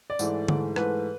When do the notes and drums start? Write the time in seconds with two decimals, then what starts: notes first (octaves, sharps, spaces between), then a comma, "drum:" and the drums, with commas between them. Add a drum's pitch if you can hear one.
0.10 D5
0.19 G#2 E3 A3, drum: tambourine
0.48 G#2 E3 A3, drum: tom D3
0.76 G#2 E3 A3 B4, drum: rim click